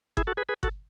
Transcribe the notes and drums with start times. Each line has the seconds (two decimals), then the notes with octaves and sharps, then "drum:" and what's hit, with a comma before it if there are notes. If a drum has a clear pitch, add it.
0.17 E4 G#4, drum: kick G1
0.27 F#4 A4
0.37 G#4 B4
0.49 G#4 B4
0.63 F#4 A4, drum: kick G1